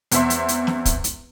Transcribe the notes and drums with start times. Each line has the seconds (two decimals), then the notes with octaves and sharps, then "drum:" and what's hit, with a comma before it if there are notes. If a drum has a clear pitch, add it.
0.11 E2 C4 E5 C6, drum: hi-hat
0.30 drum: hi-hat
0.48 drum: hi-hat
0.67 drum: snare
0.85 drum: kick, hi-hat
1.04 drum: hi-hat